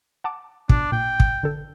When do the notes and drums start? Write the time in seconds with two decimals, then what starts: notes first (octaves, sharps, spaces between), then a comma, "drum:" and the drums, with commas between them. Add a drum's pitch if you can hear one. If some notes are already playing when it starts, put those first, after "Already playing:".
0.24 F#5 A5 D6
0.69 B2 D4, drum: kick
0.92 A#2 G5
1.20 drum: kick
1.43 D3 A4